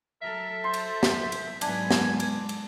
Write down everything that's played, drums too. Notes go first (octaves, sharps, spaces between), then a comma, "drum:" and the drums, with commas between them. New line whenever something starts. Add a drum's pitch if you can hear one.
F#3 A4 A#4 E5
C5 C6
drum: cymbal
drum: snare
drum: cymbal
G#2 F#3 B3 D4 G#5, drum: cymbal
drum: snare
drum: cymbal
drum: cymbal